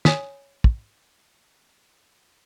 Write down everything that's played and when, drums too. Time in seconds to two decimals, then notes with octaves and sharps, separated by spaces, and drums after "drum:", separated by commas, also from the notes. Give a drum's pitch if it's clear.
0.05 C#5 G#5 D#6 B6, drum: snare
0.64 drum: kick